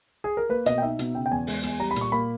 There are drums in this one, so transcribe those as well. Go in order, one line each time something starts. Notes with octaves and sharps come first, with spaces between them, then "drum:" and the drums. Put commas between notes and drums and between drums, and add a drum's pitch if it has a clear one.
G#4
A#4
A#3 B4
B2 D#5, drum: hi-hat
G5
D#4 E5
B2, drum: hi-hat
C#3 G5
G5
E2 G#5
G#3, drum: open hi-hat
E2, drum: hi-hat
G3 A#5
B5
A#2, drum: hi-hat
C#6
A#3 B5